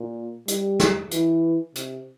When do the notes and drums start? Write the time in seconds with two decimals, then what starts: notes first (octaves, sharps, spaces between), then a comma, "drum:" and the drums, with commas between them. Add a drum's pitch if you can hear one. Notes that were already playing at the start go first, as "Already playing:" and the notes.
Already playing: A#2
0.48 G3, drum: hi-hat
0.80 drum: snare
1.11 E3, drum: hi-hat
1.75 C3, drum: hi-hat